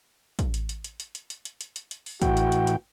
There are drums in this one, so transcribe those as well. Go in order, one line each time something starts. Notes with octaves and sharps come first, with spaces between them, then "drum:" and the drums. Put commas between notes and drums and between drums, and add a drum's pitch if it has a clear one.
drum: kick, hi-hat
drum: hi-hat
drum: hi-hat
drum: hi-hat
drum: hi-hat
drum: hi-hat
drum: hi-hat
drum: hi-hat
drum: hi-hat
drum: hi-hat
drum: hi-hat
drum: open hi-hat
A2 E3 F#4 G5, drum: kick, hi-hat
drum: hi-hat
drum: hi-hat
drum: hi-hat